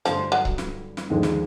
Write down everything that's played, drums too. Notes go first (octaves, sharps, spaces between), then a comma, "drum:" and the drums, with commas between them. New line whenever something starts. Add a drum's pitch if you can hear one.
G2 D3 F3 G3, drum: snare
F#3
drum: kick C#1
drum: snare
drum: snare
D#2 D3 F3 G#3
drum: snare